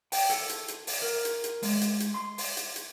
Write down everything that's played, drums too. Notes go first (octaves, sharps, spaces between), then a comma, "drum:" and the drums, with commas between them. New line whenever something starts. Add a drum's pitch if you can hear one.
G5, drum: open hi-hat
A4, drum: hi-hat
drum: hi-hat
drum: hi-hat
drum: open hi-hat
A#4
drum: hi-hat
drum: hi-hat
G#3, drum: open hi-hat
drum: hi-hat
drum: hi-hat
C6
drum: open hi-hat
drum: hi-hat
drum: hi-hat